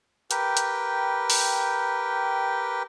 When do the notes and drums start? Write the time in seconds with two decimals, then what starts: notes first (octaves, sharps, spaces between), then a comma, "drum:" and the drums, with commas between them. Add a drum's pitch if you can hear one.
0.31 G4 A#4 B4 G5, drum: hi-hat
0.57 drum: hi-hat
1.30 drum: open hi-hat